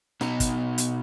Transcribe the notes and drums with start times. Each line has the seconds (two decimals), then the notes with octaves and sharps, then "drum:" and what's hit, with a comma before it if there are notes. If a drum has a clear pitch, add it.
0.21 B2 B3 D#4, drum: snare
0.40 drum: kick, hi-hat
0.78 drum: hi-hat